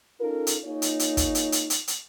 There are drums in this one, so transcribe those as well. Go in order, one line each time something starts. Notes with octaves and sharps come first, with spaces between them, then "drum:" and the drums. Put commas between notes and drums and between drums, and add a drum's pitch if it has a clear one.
C#4 D#4 F4 A4 A#4
drum: hi-hat
A#3 D#4 F4 G#4 C#5
drum: hi-hat
drum: hi-hat
drum: kick, hi-hat
drum: hi-hat
drum: hi-hat
drum: hi-hat
drum: hi-hat